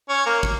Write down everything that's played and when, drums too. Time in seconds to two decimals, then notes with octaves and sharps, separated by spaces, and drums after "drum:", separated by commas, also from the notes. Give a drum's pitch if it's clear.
0.09 C#4
0.26 A#3
0.43 drum: kick